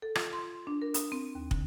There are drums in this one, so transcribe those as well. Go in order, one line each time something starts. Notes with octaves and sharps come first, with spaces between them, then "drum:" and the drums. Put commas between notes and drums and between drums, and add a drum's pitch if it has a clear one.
A4
F4, drum: rim click
C6
D4
A#4
D#6, drum: hi-hat
C4
D#2
D3, drum: kick